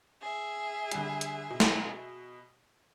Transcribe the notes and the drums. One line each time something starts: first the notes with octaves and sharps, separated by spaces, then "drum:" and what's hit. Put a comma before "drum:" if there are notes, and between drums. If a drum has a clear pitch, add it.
G#4 E5
D3 G3, drum: hi-hat
drum: hi-hat
B2
drum: snare